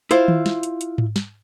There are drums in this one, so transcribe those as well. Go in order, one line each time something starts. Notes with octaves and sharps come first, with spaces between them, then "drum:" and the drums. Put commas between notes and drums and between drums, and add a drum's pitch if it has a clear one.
E4 F4 C5, drum: hi-hat
drum: tom D#3
drum: snare
drum: hi-hat
drum: hi-hat
drum: tom G#2
drum: snare